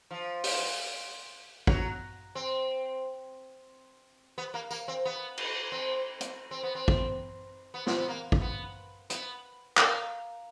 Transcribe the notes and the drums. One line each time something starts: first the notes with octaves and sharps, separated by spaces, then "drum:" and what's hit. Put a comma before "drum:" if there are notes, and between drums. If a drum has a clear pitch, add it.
F3
drum: open hi-hat
F#3, drum: kick
C4
B3
A#3
A#3, drum: tambourine
C4
B3
drum: cymbal
C4
drum: hi-hat
C4
B3
C4
drum: kick
B3
C4, drum: snare
B3
A#3
drum: kick
B3
B3, drum: hi-hat
A#3, drum: clap